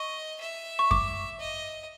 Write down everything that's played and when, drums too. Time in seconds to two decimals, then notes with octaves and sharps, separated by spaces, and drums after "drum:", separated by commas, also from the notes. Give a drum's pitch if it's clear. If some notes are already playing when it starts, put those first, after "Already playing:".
Already playing: D#5 C#6
0.41 E5
0.79 C#6
0.91 D6, drum: kick F#2
1.40 D#5